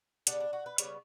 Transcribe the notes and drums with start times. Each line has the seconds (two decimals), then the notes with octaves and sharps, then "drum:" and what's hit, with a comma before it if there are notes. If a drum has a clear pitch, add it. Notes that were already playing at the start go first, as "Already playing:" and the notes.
0.27 C#3 G3 B3 D4, drum: hi-hat
0.40 D4
0.53 F#4
0.66 B4
0.78 C#3 G3 B3 C#5, drum: hi-hat